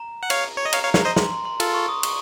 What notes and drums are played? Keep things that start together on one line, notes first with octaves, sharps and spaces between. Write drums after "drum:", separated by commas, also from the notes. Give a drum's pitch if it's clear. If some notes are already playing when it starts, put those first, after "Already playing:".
Already playing: A#5
F#5
C#5 F5, drum: cymbal
C#5
D#5
C#5 F5 A#5, drum: cymbal
C#5 F5
A#5
C#5 F5, drum: snare
C5 D#5 A#5
C6, drum: snare
C6
C6
F4 A4 C6, drum: cymbal
C#6
D#6
C#6, drum: cymbal